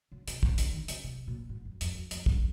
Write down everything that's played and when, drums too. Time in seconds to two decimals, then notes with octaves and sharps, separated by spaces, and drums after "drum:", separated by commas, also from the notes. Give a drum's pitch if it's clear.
0.12 C#3
0.28 C3, drum: hi-hat
0.43 C#3, drum: kick
0.58 D3, drum: hi-hat
0.73 D#3
0.88 C#3, drum: hi-hat
1.04 C3
1.27 A#2
1.49 G#2
1.65 F#2
1.81 F2, drum: hi-hat
1.95 F#2
2.11 F2, drum: hi-hat
2.26 F#2, drum: kick